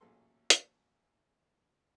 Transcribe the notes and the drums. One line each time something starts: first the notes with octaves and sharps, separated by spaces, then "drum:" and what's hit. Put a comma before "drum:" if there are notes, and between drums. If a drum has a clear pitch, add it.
A1 A#2 F#3 G#4 A4 C6
drum: hi-hat